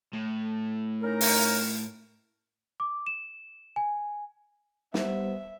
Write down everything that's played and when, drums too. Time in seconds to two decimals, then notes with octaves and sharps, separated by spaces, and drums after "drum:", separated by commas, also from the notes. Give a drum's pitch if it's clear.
0.13 A2
1.03 C#4 D#4 A#4
1.21 drum: open hi-hat
2.80 D6
3.06 E7
3.76 G#5
4.94 G3 B3 C5 E5, drum: snare